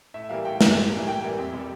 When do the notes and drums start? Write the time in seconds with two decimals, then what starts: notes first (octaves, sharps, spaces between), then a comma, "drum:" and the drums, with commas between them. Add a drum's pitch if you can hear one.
0.14 A2 E5
0.30 E3 G3 A#3 F5
0.45 A2 G5
0.61 E3 G3 A#3, drum: snare
0.76 A2
0.92 E3 G3 A#3
1.07 A2 G5
1.23 E3 G3 A#3
1.38 F2
1.53 C3 G3